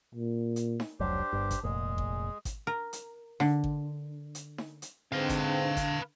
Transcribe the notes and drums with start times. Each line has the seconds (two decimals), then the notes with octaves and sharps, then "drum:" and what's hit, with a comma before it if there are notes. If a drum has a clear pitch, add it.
0.15 A#2
0.56 drum: hi-hat
0.80 drum: snare D#4
1.00 F1 C#2 F#3 D4 G4 C5
1.33 G1 G2
1.51 drum: kick G#1, hi-hat
1.63 F1 A#2 G#3 G#4
1.98 drum: kick G#1
2.45 drum: kick G#1, hi-hat
2.67 A#4
2.93 drum: hi-hat
3.40 D3, drum: snare D#4
3.64 drum: kick G#1
4.35 drum: hi-hat
4.58 drum: snare D#4
4.82 drum: hi-hat
5.12 G#2 D3 C4 B4 F5
5.29 drum: kick G#1, hi-hat
5.77 drum: kick G#1, hi-hat